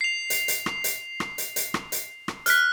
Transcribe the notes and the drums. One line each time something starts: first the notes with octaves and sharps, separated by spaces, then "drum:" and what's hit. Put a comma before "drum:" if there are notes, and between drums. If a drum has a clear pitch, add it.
C7 F7
drum: hi-hat
drum: hi-hat
drum: rim click
drum: hi-hat
drum: rim click
drum: hi-hat
drum: hi-hat
drum: rim click
drum: hi-hat
drum: rim click
F6 F#6 B6, drum: hi-hat